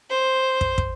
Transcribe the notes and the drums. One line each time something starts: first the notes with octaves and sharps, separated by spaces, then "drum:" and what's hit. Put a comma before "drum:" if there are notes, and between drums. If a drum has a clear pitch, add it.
C5
drum: kick
drum: kick